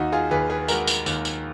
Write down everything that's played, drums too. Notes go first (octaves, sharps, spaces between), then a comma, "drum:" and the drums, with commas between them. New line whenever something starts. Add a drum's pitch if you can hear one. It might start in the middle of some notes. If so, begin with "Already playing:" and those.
Already playing: D#2 D#4 F#4
F4 G#4
D#2 G#4 B4
G#4 B4
G#3 F#4 A#4, drum: tambourine
drum: tambourine
D#2, drum: tambourine
drum: tambourine